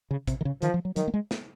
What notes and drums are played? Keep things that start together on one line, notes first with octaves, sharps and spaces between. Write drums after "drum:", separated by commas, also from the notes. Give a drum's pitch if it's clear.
C#3
C3, drum: kick, hi-hat
D#3
C#3
D#3 F3, drum: hi-hat
F3
F#3
D#3 F#3, drum: hi-hat
A#3
G#3
drum: snare